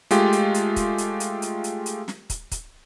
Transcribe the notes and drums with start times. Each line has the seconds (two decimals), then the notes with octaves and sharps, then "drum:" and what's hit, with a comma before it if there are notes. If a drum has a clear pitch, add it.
0.11 G#3 A3 F4 G4, drum: hi-hat
0.32 drum: hi-hat
0.54 drum: hi-hat
0.76 drum: kick, hi-hat
0.98 drum: hi-hat
1.20 drum: hi-hat
1.42 drum: hi-hat
1.64 drum: hi-hat
1.86 drum: hi-hat
2.08 drum: snare
2.30 drum: kick, hi-hat
2.51 drum: kick, hi-hat